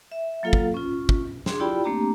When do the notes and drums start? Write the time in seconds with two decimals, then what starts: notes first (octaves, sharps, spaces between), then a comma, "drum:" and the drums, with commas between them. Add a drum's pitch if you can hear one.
0.12 E5
0.43 F#3 A#3 F4 A4 F5
0.53 drum: kick
0.74 C#4 F4
1.09 drum: kick
1.46 D4 G#4 C6, drum: snare
1.60 E4 F4 G4 D5 G5 B5
1.84 A3 A#3 C4 D4 G4 A#5